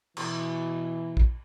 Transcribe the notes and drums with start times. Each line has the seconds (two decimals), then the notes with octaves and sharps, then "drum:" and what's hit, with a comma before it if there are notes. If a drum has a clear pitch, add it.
0.17 B2 E3, drum: cymbal
1.17 drum: kick